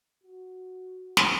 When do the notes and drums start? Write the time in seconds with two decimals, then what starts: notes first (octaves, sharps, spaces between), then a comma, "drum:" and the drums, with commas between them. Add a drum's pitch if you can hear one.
0.24 F#4
1.17 drum: snare